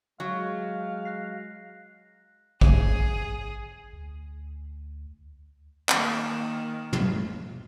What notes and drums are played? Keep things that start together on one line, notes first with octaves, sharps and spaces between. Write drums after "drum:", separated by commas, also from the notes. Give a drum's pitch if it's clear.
F#3 G#3 F5 F#6
F#6 A#6 C7
G#4, drum: kick
D2
D#3 A#3, drum: clap
drum: tom